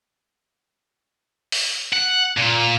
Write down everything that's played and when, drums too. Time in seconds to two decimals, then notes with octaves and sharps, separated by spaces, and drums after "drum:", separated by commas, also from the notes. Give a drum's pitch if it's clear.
1.52 drum: open hi-hat
1.93 F#5
2.38 A#2